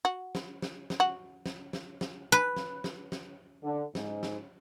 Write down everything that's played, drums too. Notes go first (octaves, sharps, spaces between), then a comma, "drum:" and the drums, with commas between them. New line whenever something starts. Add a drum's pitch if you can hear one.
F#4
drum: snare
drum: snare
drum: snare
F#4
drum: snare
drum: snare
drum: snare
B4
drum: snare
drum: snare
drum: snare
D3
G#2, drum: snare
drum: snare